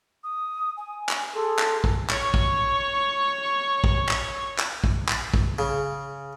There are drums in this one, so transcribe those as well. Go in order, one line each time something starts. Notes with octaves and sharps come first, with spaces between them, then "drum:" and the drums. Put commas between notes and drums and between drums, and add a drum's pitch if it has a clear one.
D#6
G#5
drum: clap
G#4 A4 C6
drum: clap
drum: kick
C#5 C#6, drum: clap
drum: kick
drum: kick
drum: clap
drum: clap
drum: kick
drum: clap
drum: kick
C#3